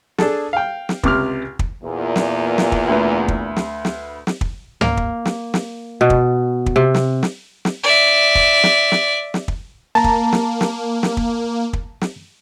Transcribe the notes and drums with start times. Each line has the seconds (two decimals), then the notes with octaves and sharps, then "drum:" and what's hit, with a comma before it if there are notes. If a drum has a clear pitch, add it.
0.18 D4 G#4 A4, drum: snare
0.53 F5 G5
0.89 drum: snare
1.03 C#2 C3 D6 F6, drum: kick
1.59 drum: kick
1.83 E2 A#2
2.16 drum: snare
2.58 drum: snare
2.72 drum: kick
2.88 D2 B4
3.28 drum: kick
3.56 drum: snare
3.85 drum: snare
4.27 drum: snare
4.41 drum: kick
4.81 A#3, drum: tom
4.97 drum: kick
5.25 drum: snare
5.54 drum: snare
6.01 B2
6.10 drum: kick
6.66 drum: kick
6.76 C3
6.94 drum: snare
7.23 drum: snare
7.65 drum: snare
7.83 D5 E5
8.35 drum: kick
8.63 drum: snare
8.92 drum: snare
9.34 drum: snare
9.48 drum: kick
9.95 A#3 A5 A#5
10.04 drum: kick
10.32 drum: snare
10.61 drum: snare
11.03 drum: snare
11.17 drum: kick
11.73 drum: kick
12.01 drum: snare